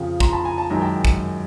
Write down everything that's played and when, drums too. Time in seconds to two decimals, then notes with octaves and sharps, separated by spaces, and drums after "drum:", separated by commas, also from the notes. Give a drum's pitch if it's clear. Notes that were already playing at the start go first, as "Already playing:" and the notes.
Already playing: F2 C#3 F3
0.20 A#5 C6, drum: kick
0.33 A5 B5
0.45 G#5 A#5
0.58 A5
0.70 F#2 D#3 G#3 A#5
0.81 G5 A5
1.05 drum: kick